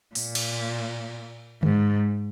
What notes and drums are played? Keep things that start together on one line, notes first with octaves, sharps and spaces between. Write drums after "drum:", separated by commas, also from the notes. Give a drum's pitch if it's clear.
A#2, drum: open hi-hat
drum: cymbal
G#2, drum: tom D3